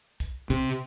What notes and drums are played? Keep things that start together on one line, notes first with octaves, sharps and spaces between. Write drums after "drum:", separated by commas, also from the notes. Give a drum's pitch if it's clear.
drum: kick, hi-hat
C3, drum: kick, hi-hat